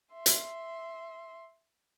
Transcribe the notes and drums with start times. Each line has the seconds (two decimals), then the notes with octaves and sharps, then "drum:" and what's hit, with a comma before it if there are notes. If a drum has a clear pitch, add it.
0.14 E5 C6
0.26 drum: hi-hat